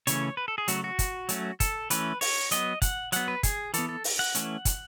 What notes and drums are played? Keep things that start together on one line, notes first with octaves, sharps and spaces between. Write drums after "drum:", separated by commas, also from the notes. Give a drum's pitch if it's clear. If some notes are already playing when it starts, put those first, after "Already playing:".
C#3 E3 A3 C#4 C#5, drum: hi-hat
B4
A4
G#4
C#3 F#3 A3 F#4, drum: hi-hat
F#4
drum: kick, hi-hat
F#3 A3 C#4, drum: hi-hat
A4, drum: kick, hi-hat
E3 A3 C#4 B4, drum: hi-hat
C#5, drum: open hi-hat
F#3 B3 D#5, drum: hi-hat
F#5, drum: kick, hi-hat
F#3 B3 F#5, drum: hi-hat
B4
G#4, drum: kick, hi-hat
E3 B3 A4, drum: hi-hat
A4
drum: open hi-hat
F#5
E3 A3 C#4, drum: hi-hat
drum: kick, hi-hat